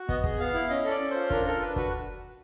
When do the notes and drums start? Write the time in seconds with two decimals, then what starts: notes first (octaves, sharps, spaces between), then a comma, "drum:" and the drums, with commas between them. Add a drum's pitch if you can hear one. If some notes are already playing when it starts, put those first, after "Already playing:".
Already playing: F#4
0.09 B3 D#5, drum: kick
0.24 G#4, drum: kick
0.39 B3 F5
0.54 E4
0.69 C#4 D#5
0.85 A4
0.90 D5
1.00 C#4
1.10 F4 C5
1.30 D4 A#4, drum: kick
1.46 A4 A#4
1.61 D4 B4
1.76 F#4 B4, drum: kick